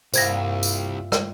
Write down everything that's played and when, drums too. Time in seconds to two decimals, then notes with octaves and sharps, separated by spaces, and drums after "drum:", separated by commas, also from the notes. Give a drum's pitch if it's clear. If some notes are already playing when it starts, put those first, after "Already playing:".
0.14 C2 G2 A#2 G3 C5 E5 G#6 A#6, drum: tambourine
0.63 drum: tambourine
1.12 drum: rim click